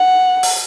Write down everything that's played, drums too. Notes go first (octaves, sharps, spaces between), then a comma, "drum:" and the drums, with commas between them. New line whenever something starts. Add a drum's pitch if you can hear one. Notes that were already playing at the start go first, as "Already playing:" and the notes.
Already playing: F#5
drum: open hi-hat